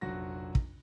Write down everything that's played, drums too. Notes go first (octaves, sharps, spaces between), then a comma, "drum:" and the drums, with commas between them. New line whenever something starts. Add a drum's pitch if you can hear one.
F1 A#1 F#3 F#4 A#6
drum: kick